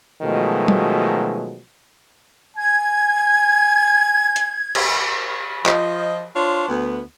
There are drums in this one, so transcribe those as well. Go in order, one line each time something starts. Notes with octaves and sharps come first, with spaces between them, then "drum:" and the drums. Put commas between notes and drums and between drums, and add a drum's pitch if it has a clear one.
B2 D#3 F3 F#3 G#3 A3
drum: tom G3
G#5 G#6
drum: hi-hat
drum: cymbal
F3 D#5, drum: clap
D4 F4 C5 C#5
D2 B3